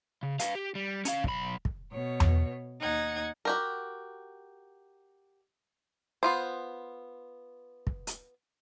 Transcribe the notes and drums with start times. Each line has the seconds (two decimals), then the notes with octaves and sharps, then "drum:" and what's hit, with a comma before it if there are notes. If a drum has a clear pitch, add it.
0.23 C#3
0.39 B4 F5, drum: hi-hat
0.55 G4
0.75 G3
1.05 C#4 F5, drum: hi-hat
1.24 B1 B5, drum: kick
1.65 drum: kick
1.90 B2 C#5
2.20 drum: tom E2
2.81 D#2 D#4 F#5 G#6
3.45 F#4 G4 A#4
6.23 B3 F4 C5
7.87 drum: kick
8.07 drum: hi-hat